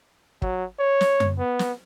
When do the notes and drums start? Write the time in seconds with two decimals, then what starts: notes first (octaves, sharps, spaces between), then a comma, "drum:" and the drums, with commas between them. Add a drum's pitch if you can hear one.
0.42 F#3, drum: kick
0.79 C#5
1.01 drum: snare
1.20 drum: tom F#2
1.39 B3
1.59 drum: snare